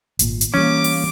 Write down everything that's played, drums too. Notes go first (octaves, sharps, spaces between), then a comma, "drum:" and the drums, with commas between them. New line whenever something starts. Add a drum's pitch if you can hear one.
G#1 A#2, drum: hi-hat
drum: hi-hat
E3 G3 A#3 C#4 D6
drum: open hi-hat